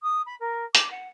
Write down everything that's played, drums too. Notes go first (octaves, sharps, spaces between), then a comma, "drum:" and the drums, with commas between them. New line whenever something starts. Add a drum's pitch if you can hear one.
D#6
B5
A#4
D6, drum: hi-hat
F#5